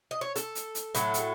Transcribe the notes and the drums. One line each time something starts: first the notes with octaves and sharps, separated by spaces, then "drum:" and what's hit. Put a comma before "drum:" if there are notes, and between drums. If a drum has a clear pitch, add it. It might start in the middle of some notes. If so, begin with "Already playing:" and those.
D#5
C#5
A4, drum: hi-hat
drum: hi-hat
drum: hi-hat
A2 F#3 A3, drum: hi-hat
drum: hi-hat